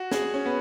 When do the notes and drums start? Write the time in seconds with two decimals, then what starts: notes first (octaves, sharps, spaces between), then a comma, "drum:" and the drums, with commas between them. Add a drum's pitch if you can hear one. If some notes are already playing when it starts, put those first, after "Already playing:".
Already playing: F#4
0.12 G#4, drum: snare
0.34 C#4
0.45 B3